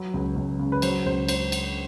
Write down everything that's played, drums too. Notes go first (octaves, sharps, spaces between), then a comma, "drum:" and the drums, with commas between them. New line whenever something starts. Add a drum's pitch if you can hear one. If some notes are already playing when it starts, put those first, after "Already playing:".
Already playing: F#3 B4
C#2
C#2
C#3
B4
F#3 C5, drum: cymbal
C#2 C5
C5, drum: cymbal
drum: cymbal